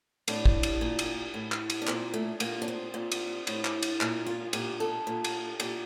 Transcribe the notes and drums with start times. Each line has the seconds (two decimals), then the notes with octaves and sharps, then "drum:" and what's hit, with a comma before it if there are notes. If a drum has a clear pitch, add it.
0.28 A2 D4, drum: cymbal
0.46 drum: kick
0.63 drum: cymbal
0.81 A#2
0.99 drum: cymbal
1.34 A2
1.52 drum: clap
1.70 drum: cymbal
1.82 D4
1.87 A#2 C4, drum: clap
2.14 A3
2.40 A#2 A#3, drum: cymbal
2.62 D4
2.68 C4
2.94 A#2
3.12 drum: cymbal
3.47 A2, drum: cymbal
3.65 drum: clap
3.83 drum: cymbal
4.01 A#2, drum: clap
4.27 F4
4.53 A#2 G4, drum: cymbal
4.80 A4
5.07 A#2
5.24 drum: cymbal
5.60 A#2 G4, drum: cymbal